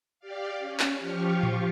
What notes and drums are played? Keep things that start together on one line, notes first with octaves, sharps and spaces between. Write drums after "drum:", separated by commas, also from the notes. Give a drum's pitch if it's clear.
G4 D5 F5
C#4
drum: clap
F3 F4 G4 F5 C#6
drum: tom A2